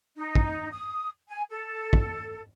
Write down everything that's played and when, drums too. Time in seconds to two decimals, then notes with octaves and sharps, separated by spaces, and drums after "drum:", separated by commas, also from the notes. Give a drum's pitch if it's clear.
0.16 D#4
0.35 drum: kick
0.71 D#6
1.29 G#5
1.49 A4
1.93 drum: kick